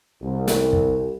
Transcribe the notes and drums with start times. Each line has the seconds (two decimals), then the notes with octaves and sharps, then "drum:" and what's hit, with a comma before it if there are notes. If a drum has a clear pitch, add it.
0.22 C2
0.48 drum: snare
0.73 drum: kick